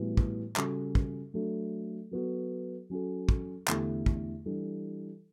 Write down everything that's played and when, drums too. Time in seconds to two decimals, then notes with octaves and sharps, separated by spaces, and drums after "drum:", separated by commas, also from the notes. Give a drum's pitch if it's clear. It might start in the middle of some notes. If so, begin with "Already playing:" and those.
Already playing: A2 E3 G3 B3 F#4
0.17 drum: kick
0.56 C#3 G3 C#4 F#4 A4, drum: clap
0.95 drum: kick
1.34 F#3 A3 D4 A4
2.11 F#3 B3 F#4 A4
2.90 F#3 C#4 F#4 A4
3.29 drum: kick
3.68 E2 D3 A3 E4 G4, drum: clap
4.06 drum: kick
4.46 E3 G3 D4 A4